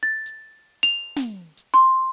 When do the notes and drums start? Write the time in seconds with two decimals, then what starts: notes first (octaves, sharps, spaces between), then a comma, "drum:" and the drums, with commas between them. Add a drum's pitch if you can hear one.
0.03 A6
0.26 drum: hi-hat
0.83 F7
1.16 drum: snare
1.57 drum: hi-hat
1.74 C6